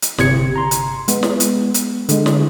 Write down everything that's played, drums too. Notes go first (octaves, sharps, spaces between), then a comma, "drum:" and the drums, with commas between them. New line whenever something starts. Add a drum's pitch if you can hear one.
drum: hi-hat
G1 C3 G#6 C#7, drum: snare
A#5 C6
drum: hi-hat
G#3 B3, drum: hi-hat
drum: snare
drum: hi-hat
drum: hi-hat
D3 G#3, drum: hi-hat
drum: snare